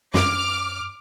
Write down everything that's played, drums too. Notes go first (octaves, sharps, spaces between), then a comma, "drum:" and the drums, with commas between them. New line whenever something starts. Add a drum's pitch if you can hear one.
F#2 D6 F6, drum: snare